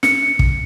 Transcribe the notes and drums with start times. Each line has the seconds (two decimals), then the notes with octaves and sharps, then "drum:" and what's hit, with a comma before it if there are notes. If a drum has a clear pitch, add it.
0.03 C#7, drum: snare
0.39 drum: kick